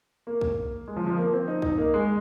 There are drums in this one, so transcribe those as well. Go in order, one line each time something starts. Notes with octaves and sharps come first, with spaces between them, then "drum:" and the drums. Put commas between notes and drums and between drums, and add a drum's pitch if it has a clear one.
A#3
drum: kick
G#3
F3
F3
A#3
C4
D#4
D#4, drum: kick
A#3
G#3